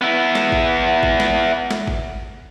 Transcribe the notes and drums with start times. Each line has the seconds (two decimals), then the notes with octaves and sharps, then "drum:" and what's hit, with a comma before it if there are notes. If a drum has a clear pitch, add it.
0.01 B3 E4
0.35 drum: snare
0.52 drum: kick G#1
1.03 drum: kick G#1
1.20 drum: snare
1.71 drum: snare
1.87 drum: kick G#1